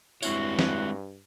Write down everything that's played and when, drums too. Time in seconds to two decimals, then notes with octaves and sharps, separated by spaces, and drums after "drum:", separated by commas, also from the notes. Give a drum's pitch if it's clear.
0.23 G2 G#3 C4 E4 F#4 C#5, drum: tambourine
0.59 drum: snare